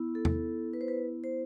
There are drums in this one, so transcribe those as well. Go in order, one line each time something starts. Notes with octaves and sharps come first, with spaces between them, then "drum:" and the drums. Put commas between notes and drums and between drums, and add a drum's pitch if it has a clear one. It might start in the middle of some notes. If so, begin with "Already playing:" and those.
Already playing: B3 E4
A4
drum: tom E2
B4
C5
B4
C5